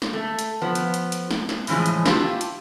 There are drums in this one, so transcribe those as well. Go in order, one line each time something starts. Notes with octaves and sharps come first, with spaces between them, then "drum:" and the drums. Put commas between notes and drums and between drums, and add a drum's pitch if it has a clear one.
drum: snare
A3
drum: hi-hat
F3 B3
drum: hi-hat
drum: hi-hat
drum: hi-hat
drum: snare
drum: snare
A2 C#3 E3 F3 G#3, drum: open hi-hat
drum: hi-hat
D4 E4 F4 G4 A5, drum: snare
drum: hi-hat